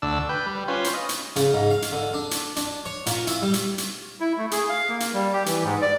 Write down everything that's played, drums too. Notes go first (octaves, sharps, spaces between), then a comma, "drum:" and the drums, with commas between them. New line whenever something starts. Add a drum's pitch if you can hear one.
D2 D4 E6
B4 G5
G3
C#4 F4 B4 C5
drum: hi-hat
D#5
drum: hi-hat
C#3, drum: hi-hat
G#2
F5
drum: hi-hat
D3
D4
drum: hi-hat
D4, drum: hi-hat
C#5
A#2, drum: hi-hat
E4, drum: hi-hat
G3
drum: hi-hat
drum: hi-hat
E4
A3
G#4, drum: hi-hat
F5
A#3
drum: hi-hat
G3
G4
E3, drum: hi-hat
G#2
D5